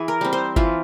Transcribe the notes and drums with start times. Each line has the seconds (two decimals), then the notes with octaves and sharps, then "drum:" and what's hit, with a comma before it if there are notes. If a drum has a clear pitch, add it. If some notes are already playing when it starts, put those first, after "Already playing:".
Already playing: E3 G#4
0.08 A#4
0.21 G3 C4
0.33 C5
0.56 E3 F4, drum: kick G1